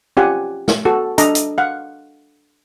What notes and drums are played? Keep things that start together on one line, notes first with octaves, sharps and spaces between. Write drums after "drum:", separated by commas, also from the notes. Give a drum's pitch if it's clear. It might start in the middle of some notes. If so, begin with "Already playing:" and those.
C#4 F4 G4 D5 F#5 G#5
drum: snare
F#4 A4
D4 A4 D#5 A#5, drum: hi-hat
drum: hi-hat
F5 F#5